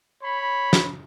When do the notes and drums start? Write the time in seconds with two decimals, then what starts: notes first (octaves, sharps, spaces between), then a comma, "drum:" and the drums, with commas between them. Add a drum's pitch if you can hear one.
0.23 C#5 B5
0.73 drum: snare